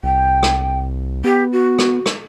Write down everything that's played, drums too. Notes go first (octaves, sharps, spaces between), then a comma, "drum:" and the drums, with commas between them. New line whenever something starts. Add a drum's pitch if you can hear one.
C2 G5
drum: rim click
B3 G4
F#4
drum: rim click
drum: rim click